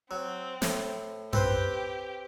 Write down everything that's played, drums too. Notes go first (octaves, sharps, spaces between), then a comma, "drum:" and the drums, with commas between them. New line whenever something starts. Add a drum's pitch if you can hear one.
F#3 C4
A2, drum: snare
C4 G4 B4 C5, drum: tom F#2